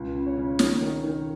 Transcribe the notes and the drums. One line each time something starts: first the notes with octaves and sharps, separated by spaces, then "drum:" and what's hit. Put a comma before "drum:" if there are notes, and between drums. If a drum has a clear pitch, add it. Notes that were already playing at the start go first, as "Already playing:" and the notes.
Already playing: C#2
C#3
C#5
C#3
D#3 C#5, drum: snare
D#3
D#3